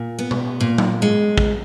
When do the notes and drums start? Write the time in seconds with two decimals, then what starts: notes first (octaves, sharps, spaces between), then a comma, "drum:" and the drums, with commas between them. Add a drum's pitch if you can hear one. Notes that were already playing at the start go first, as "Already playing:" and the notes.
Already playing: A#2
0.19 B3
0.31 drum: tom B2
0.60 A#2
0.78 drum: tom F#3
1.02 G#3
1.38 drum: kick